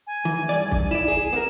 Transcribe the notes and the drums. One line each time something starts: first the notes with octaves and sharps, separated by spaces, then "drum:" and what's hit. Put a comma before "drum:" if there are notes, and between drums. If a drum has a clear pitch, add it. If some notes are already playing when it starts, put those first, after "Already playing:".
G#5
E3
G2 D5
drum: kick
E4 D5 E7
G#4
B3 A#4